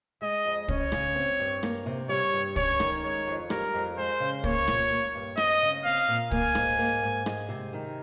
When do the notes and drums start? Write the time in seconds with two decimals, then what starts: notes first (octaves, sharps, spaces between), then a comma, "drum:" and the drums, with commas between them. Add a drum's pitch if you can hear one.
0.22 G#3 D#5
0.46 F2
0.68 C#4 C#5, drum: kick
0.92 C#3, drum: rim click
1.15 C4
1.39 G2
1.63 A#3, drum: rim click
1.86 C3
2.09 G3 C#5
2.33 G2
2.56 C#4 C#5, drum: kick
2.80 D#3, drum: rim click
3.03 G#3 C#5
3.27 F2
3.50 G3 A#4, drum: rim click
3.74 F2
3.97 G#3 C5
4.20 C#3
4.44 A#3 C#5, drum: kick
4.68 A#2, drum: rim click
4.91 A#3
5.15 G2
5.37 C4 D#5, drum: rim click
5.62 C#3
5.84 C4 F5
6.08 A#2
6.31 A#3 G#5, drum: kick
6.55 G#2, drum: rim click
6.79 A#3
7.02 G#2
7.26 G#3, drum: rim click
7.49 C3
7.73 D#3